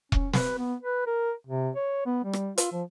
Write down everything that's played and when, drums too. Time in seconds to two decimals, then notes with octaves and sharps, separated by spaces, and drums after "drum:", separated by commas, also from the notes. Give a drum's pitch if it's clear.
0.12 C#4, drum: kick E1
0.34 B4, drum: snare
0.58 B3
0.83 B4
1.07 A#4
1.47 C3
1.76 C#5
2.06 B3
2.24 G3
2.33 drum: rim click
2.58 F4, drum: hi-hat
2.72 F3